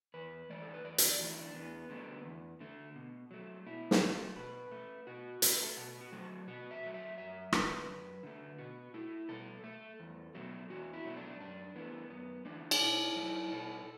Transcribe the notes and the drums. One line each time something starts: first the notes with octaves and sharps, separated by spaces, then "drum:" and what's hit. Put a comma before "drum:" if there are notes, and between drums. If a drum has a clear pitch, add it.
E2 B4
E3 A3 D5
A4
B4
E2 D5
drum: hi-hat
D5
E3 A3
D4
E2 B3
D3 A3
E2
D3 A3
B2
F#3 A3
B2 E4
drum: snare
F#3 A3 A4
B2 B4
A3
B2 F#4
A3, drum: hi-hat
B4
A4
B2 F#4
F#4
F#3 A3
B2 F#4
E5
F#3 A3
E5
F#2 E5
D3 A3 B4, drum: rim click
F#2
D3 A3
B2 F#4
A3 E4
B2 A4
A3
E2
B2 F#3 A3
E2 F#4
E4
B2 F#3 A3
D4
F#2 D4
E3 A3 B3
F#2 B3
E3 A3 D4
drum: cymbal
B2 E4
F#3 A3 E4
B2 A4